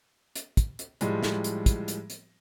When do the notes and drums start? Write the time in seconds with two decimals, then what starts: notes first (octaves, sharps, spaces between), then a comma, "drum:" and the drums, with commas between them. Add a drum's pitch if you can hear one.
0.35 drum: hi-hat
0.57 drum: kick, hi-hat
0.79 drum: hi-hat
1.01 A2 F3 G3 G#3, drum: hi-hat
1.23 drum: snare
1.44 drum: hi-hat
1.66 drum: kick, hi-hat
1.88 drum: hi-hat
2.10 drum: hi-hat